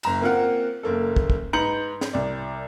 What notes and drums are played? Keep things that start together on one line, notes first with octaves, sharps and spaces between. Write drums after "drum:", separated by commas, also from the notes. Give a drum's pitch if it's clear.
F#1 A#5 E7, drum: cymbal
A#3 C4 F4 A#4 F#5
F#1 A#3 A4
drum: kick
drum: kick
G#2 B4 A#5 G6 C#7 F#7
drum: snare
C2 D5